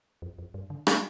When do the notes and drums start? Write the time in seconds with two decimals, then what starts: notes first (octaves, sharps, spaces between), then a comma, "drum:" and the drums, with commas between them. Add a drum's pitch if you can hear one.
0.22 F2
0.39 F2
0.54 G2
0.70 D3
0.87 A#3, drum: rim click